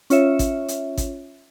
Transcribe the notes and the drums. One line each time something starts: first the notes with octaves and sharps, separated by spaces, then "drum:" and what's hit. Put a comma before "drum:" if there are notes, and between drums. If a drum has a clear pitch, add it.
C#4 F4 C#5 E5, drum: hi-hat
drum: kick G#1, hi-hat
drum: hi-hat
drum: kick G#1, hi-hat